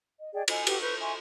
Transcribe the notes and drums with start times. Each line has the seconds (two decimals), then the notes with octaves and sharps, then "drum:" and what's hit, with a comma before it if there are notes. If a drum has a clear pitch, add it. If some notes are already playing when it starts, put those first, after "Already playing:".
0.21 D#5
0.33 G#4 D5 D#5 G5
0.48 D#5 G#5, drum: cymbal
0.67 F#4 G4 B4, drum: cymbal
0.80 B4 C#6 G6
1.00 E5 G#5 C6 C#6